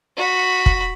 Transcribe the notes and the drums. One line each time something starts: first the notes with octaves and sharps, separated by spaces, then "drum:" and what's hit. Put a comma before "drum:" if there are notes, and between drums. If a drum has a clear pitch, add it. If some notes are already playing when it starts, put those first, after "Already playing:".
F#4 B5
drum: kick